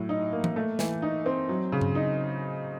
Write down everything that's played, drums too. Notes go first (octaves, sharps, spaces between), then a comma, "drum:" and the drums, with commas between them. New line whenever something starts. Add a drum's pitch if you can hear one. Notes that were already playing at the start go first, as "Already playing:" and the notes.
Already playing: A2 F#3
D#4
A#3
drum: tom E3
A3
E3, drum: snare
D#4
C4
F#3
C#3
drum: tom G2
D#4